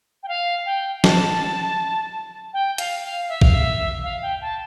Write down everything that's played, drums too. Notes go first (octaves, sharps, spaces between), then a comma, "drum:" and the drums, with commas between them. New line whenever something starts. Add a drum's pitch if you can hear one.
G5
F5
G5
A5, drum: snare
G5
F5, drum: hi-hat
F5
E5
F5, drum: kick
E5
F5
G5
A5